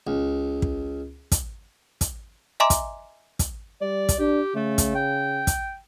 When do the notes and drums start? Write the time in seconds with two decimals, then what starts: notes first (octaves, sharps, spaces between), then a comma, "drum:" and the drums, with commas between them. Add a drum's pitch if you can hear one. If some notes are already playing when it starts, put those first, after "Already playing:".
0.07 C#2
0.62 drum: kick
1.32 drum: kick, hi-hat
2.01 drum: kick, hi-hat
2.60 D#5 E5 G#5 A#5 C6 D6
2.70 drum: kick, hi-hat
3.39 drum: kick, hi-hat
3.81 G3 D5
4.09 drum: kick, hi-hat
4.19 D4 G4
4.55 C#3 A3
4.78 drum: kick, hi-hat
4.95 G5
5.47 drum: kick, hi-hat